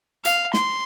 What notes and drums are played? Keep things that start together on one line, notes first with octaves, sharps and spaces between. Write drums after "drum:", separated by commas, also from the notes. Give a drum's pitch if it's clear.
F5, drum: hi-hat
C6, drum: snare